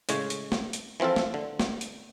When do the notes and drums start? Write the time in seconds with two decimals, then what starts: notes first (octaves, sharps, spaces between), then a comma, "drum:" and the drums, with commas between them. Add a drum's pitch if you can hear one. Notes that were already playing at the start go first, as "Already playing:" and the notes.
0.09 A2 C#3 G#3 C#5, drum: hi-hat
0.30 drum: hi-hat
0.52 drum: snare
0.73 drum: hi-hat
1.00 E3 F3 C4 F4 A4
1.16 drum: snare
1.34 D3
1.60 drum: snare
1.81 drum: hi-hat